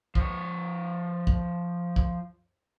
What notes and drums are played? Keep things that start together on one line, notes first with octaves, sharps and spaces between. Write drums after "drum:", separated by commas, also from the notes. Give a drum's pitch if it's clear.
F3 C#5, drum: kick
drum: kick
drum: kick